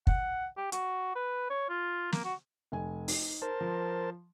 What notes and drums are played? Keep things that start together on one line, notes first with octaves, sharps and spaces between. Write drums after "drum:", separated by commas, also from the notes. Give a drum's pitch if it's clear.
F#5, drum: kick
G4
F#4, drum: hi-hat
B4
C#5
F4
A#3, drum: snare
F#4
F1 G#5
D#4, drum: open hi-hat
A#4 C5 A5
F3